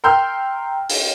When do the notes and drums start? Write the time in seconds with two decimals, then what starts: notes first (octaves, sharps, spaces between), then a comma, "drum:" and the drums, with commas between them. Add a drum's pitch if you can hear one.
0.04 A#4 G5 C6 E6 F6 G6
0.89 drum: open hi-hat